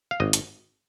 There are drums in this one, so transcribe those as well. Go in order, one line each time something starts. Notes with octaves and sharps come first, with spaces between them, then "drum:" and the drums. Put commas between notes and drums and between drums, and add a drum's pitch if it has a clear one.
F5
G#1 D#5
drum: hi-hat